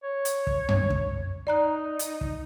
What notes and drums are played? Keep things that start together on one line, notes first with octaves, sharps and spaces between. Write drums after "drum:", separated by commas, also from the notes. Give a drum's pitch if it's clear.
C#5
drum: hi-hat
drum: kick
drum: tom F#2
drum: kick
D#4 D5 A#5 F#6
drum: hi-hat
drum: kick